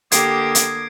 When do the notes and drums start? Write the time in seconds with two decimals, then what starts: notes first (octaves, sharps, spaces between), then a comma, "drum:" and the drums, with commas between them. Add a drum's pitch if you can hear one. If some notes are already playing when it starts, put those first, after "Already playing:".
0.12 D3 A#3 G4 D#6 G#6 C7 D7, drum: hi-hat
0.55 drum: hi-hat